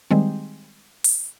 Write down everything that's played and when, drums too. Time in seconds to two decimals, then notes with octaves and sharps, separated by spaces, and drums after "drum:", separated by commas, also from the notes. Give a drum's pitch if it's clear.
0.11 D#3 G3 G#3 C4
1.04 drum: open hi-hat